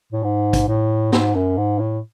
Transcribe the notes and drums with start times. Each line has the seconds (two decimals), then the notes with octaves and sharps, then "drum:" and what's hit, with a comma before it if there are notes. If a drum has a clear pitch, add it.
0.12 A2
0.24 G#2
0.53 drum: kick A1, hi-hat
0.68 A2
1.12 G#2, drum: snare
1.35 F#2
1.57 G#2
1.79 A2